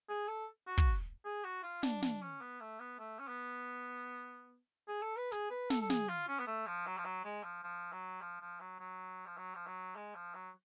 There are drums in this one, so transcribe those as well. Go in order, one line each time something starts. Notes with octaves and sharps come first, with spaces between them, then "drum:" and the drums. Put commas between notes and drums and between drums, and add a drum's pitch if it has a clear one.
G#4
A4
F#4
drum: kick
G#4
F#4
F4
D4, drum: snare
D4, drum: snare
C#4
B3
A3
B3
A3
C#4
B3
G#4
A4
B4
G#4, drum: hi-hat
B4
A4, drum: snare
A4
G#4, drum: snare
F4
C#4
B3
A3
F3
F#3
F3
F#3
G#3
F3
F3
F#3
F3
F3
F#3
F#3
F3
F#3
F3
F#3
G#3
F3
F#3